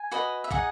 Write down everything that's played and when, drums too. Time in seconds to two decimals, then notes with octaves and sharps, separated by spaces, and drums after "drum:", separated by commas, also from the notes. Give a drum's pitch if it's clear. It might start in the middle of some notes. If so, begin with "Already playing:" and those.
Already playing: G#5
0.12 F#4 B4 D#5
0.44 E5
0.51 D#4 G#4 D#5 F#5, drum: kick